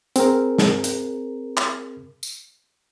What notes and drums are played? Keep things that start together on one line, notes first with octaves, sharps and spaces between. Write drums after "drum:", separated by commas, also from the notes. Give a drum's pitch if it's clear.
C4 G#4 A#4, drum: hi-hat
drum: snare
drum: hi-hat
drum: clap
drum: tambourine